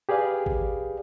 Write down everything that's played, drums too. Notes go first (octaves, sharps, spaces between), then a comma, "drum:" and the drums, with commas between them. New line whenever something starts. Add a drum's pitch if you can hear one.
G4 G#4 B4 D5 F5
drum: kick G#1